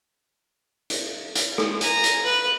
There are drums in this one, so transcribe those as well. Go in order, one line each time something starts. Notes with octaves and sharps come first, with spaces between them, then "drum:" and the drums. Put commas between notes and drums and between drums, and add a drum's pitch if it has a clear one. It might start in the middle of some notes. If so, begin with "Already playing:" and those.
drum: hi-hat
drum: hi-hat
drum: rim click
G#5 A#5, drum: hi-hat
drum: hi-hat
B4